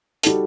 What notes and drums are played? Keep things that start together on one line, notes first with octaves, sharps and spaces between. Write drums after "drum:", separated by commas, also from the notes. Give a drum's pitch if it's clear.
G3 D#4 F#4 A4, drum: hi-hat